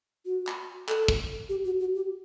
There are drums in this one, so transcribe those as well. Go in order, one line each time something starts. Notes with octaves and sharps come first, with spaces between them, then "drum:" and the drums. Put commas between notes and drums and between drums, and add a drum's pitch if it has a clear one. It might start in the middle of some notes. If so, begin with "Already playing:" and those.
F#4
drum: clap
A4, drum: clap
drum: kick
G4
F#4
F#4
G4